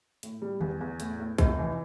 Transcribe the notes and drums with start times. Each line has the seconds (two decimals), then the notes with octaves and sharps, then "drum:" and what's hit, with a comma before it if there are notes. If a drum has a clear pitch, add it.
0.23 A2, drum: hi-hat
0.42 G3
0.61 E2, drum: tom D3
0.81 E2
1.00 A2, drum: hi-hat
1.19 A2
1.38 F1, drum: kick, hi-hat
1.58 E3